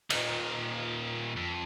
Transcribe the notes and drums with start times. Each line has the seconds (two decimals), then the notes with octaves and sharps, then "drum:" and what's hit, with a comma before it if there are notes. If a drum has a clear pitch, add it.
0.10 A#2 D#3, drum: cymbal
1.37 F2